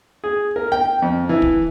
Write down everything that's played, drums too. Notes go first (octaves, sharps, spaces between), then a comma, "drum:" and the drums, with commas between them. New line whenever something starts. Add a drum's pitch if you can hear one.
G#4
A#4
G5
F2
E3
drum: kick